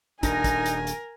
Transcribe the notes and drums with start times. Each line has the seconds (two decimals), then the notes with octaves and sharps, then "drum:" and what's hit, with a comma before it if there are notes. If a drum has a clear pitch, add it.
0.23 D#1 D4 D#4 A#4 G#5, drum: kick, hi-hat
0.44 drum: kick, hi-hat
0.66 drum: hi-hat
0.87 drum: hi-hat